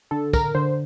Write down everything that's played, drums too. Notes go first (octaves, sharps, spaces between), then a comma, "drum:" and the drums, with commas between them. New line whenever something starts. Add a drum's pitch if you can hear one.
D3 A4
A#4, drum: kick, tambourine
D3 C5